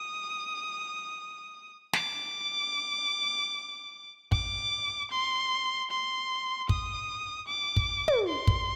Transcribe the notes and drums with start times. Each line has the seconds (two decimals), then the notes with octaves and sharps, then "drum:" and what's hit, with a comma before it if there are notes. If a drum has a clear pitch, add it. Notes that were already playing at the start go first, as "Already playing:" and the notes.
Already playing: D#6
1.93 D6, drum: snare
4.32 D6, drum: kick
5.11 C6
5.90 C6
6.69 D#6, drum: kick
7.48 D6
7.76 drum: kick
8.08 drum: tom
8.27 C6
8.47 drum: kick